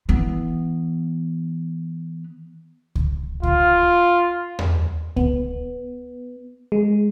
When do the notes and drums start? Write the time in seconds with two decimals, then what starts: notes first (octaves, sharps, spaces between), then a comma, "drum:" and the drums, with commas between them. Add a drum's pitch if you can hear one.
0.09 E3 B3
2.95 drum: kick C#2
3.43 F4, drum: kick C#2
4.59 drum: tom E2
5.16 B3, drum: kick C#2
6.72 G#3